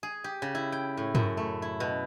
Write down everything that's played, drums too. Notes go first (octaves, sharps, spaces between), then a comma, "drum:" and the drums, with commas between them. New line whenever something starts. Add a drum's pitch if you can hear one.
G#4
G4
C#3
E4
G5
A2
F#2, drum: tom
A3
E4
B2